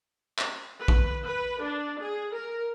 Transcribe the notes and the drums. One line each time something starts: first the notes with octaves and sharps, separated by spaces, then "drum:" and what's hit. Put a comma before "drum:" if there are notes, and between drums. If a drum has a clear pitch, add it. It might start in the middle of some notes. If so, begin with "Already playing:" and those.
drum: clap
B4
drum: kick
B4
D4
G#4
A#4